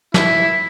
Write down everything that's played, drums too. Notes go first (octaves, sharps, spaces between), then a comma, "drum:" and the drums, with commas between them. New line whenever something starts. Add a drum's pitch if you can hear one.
E4, drum: snare